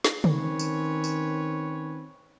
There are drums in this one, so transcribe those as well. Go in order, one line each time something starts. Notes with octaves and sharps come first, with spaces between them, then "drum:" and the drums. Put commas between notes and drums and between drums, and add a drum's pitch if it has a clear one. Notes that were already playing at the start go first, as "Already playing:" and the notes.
drum: snare
D#3 C4 C#4 B4 C#5, drum: tom
drum: tambourine
drum: tambourine